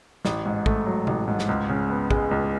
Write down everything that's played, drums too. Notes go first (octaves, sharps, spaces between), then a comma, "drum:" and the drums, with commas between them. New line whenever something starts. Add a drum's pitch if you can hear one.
A1, drum: snare
G#2
A3, drum: kick
F#3
A1, drum: tom C3
G#2
drum: snare
C#2
C#3
B3
G#3, drum: kick
C#2